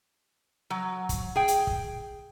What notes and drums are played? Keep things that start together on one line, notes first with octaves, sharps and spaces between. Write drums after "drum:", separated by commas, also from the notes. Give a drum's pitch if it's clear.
F#3
drum: kick, hi-hat
G#4 G5
drum: hi-hat
drum: kick